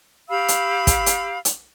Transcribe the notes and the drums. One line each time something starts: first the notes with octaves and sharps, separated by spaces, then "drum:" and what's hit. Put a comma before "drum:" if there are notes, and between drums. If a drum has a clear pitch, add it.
G4 F5 B5 E6
drum: hi-hat
drum: kick, hi-hat
drum: hi-hat
drum: hi-hat